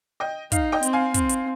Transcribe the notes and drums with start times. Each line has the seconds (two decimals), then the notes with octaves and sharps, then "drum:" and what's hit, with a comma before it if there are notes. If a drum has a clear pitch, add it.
0.20 D#5 G5
0.52 D#4 F5, drum: kick, hi-hat
0.72 D#5 G5
0.83 C4, drum: hi-hat
0.93 F5 G#5
1.14 C4, drum: kick, hi-hat
1.29 drum: hi-hat